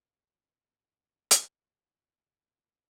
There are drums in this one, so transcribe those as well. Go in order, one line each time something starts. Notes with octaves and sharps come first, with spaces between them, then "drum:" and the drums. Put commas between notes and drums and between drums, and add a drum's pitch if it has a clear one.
C#4 F#4
drum: hi-hat